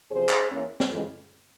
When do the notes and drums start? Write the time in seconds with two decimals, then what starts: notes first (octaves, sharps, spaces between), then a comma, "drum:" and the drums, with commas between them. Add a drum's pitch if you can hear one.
0.10 E2 C3 F3 G#4 C5
0.29 drum: clap
0.49 E2 E3 A#3 C#4
0.80 drum: snare
0.89 F2 C#3 E3 G#3